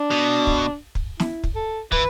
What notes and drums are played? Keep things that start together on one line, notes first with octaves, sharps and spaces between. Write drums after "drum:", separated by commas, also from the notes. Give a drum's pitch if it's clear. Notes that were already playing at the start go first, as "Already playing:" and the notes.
Already playing: D4
B2
drum: kick
drum: kick
E4, drum: snare
drum: kick
A4
E3 B4, drum: kick